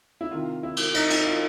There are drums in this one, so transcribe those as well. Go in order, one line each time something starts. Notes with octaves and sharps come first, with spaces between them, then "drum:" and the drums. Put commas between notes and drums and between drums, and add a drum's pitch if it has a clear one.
E4
C3 D#3 F4
E4
drum: cymbal
D#4, drum: cymbal
E4, drum: cymbal
F4